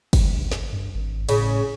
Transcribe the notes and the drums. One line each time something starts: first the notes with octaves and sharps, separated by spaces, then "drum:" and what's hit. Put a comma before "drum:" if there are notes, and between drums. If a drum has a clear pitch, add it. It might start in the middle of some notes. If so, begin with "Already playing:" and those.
drum: kick, cymbal
drum: snare
G2
G#1
A2 C#3, drum: cymbal